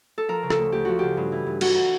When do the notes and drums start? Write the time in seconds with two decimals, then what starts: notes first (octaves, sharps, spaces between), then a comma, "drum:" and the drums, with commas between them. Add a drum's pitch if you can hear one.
0.18 A4
0.28 F3 A#4
0.43 C#3
0.50 A4, drum: rim click
0.58 D2
0.72 D2 G4
0.85 F3 F#4
0.99 C#3 G4
1.17 G2
1.32 E3
1.46 G2
1.61 E3 F#4, drum: cymbal